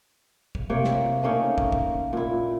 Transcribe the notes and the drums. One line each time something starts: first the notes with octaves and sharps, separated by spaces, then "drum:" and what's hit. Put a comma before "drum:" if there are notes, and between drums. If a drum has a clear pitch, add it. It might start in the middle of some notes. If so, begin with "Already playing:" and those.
drum: kick
C3 A#3 C#5 G5
drum: snare
A3 A#3 C#4 D#4
drum: kick
drum: kick
A#2 E4